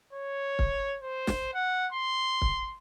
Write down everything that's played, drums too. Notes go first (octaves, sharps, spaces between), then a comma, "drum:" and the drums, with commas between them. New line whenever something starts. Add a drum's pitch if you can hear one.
C#5
drum: kick
C5
drum: snare
F#5
C6
drum: kick